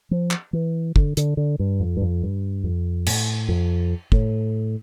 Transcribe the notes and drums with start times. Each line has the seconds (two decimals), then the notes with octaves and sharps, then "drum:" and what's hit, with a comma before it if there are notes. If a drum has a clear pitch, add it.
0.11 F3
0.31 drum: clap
0.53 E3
0.96 D3, drum: kick
1.17 D3, drum: hi-hat
1.37 D3
1.59 G2
1.80 F2
1.97 G2
2.01 F2
2.23 G2
2.64 F2
3.06 A2, drum: cymbal
3.49 F2
4.12 A2, drum: kick